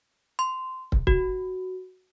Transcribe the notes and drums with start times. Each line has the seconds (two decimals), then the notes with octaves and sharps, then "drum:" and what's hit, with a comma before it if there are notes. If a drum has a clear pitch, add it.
0.39 C6
0.92 drum: kick
1.07 F#4, drum: kick